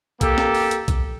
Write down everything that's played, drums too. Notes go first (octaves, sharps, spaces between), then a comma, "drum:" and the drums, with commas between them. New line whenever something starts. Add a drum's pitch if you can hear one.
A#3 G4 A4, drum: kick, hi-hat
drum: snare
drum: open hi-hat
drum: hi-hat
drum: kick, hi-hat